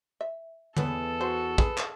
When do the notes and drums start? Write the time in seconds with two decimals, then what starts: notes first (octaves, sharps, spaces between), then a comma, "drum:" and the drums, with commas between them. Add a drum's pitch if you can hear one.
0.21 E5
0.77 E2 B3 A4, drum: tom D3
1.21 F#4 C5
1.58 G#4 B4, drum: kick
1.78 drum: clap